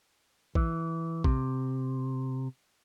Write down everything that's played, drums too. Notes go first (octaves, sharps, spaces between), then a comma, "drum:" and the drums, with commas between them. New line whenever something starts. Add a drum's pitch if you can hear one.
E3, drum: kick A#1
C3, drum: kick A#1